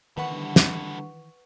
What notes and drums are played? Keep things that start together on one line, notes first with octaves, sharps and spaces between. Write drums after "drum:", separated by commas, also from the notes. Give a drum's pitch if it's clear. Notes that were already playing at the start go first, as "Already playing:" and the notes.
D#3 E3 A3 B3 B4 F#5 C#6
D3 G3
drum: snare